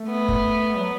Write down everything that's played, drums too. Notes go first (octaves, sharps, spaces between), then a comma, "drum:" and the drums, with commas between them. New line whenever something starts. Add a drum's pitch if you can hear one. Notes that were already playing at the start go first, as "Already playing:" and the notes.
Already playing: A3
B3
drum: kick
F#3